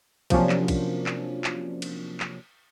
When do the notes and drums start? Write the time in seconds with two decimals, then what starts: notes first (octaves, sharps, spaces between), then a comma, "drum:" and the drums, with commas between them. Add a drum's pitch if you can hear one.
0.30 C3 F3 F#3 A#3 C#4 D4, drum: kick B1, cymbal
0.49 drum: clap
0.68 drum: kick B1, cymbal
1.06 drum: clap
1.44 drum: clap
1.82 drum: cymbal
2.20 drum: clap